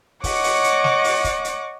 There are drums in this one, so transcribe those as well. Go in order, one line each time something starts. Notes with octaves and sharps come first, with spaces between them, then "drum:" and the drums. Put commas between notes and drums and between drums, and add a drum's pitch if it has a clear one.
C#5 D#5 F#5 C#6 D6, drum: kick, open hi-hat
drum: open hi-hat
drum: hi-hat
drum: snare
drum: open hi-hat
drum: kick, hi-hat
drum: hi-hat